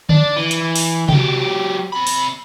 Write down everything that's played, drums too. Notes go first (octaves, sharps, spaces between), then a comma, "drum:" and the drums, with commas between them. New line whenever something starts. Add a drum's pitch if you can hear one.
D4, drum: tom D3
E3
drum: hi-hat
drum: open hi-hat
F#3 G4, drum: tom C3
C3 B5
drum: open hi-hat